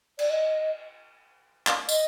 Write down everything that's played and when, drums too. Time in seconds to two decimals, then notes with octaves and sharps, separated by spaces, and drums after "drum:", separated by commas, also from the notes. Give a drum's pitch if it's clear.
0.19 D5, drum: cymbal
0.30 D#5
1.67 F5, drum: clap
1.89 D#5, drum: tambourine